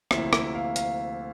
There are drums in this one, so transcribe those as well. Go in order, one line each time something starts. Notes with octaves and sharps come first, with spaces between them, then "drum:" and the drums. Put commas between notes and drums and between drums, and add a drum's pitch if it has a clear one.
D2 C3 F3 A#3 E4 E5, drum: rim click
E5, drum: rim click
F5
F5, drum: hi-hat